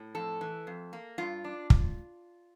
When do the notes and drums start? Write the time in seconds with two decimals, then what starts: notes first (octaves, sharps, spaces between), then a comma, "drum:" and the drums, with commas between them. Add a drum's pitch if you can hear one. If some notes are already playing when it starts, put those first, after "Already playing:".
Already playing: A2
0.15 F2 A4
0.41 E3
0.67 F2
0.93 A#3
1.18 G2 F4
1.44 D4
1.70 drum: kick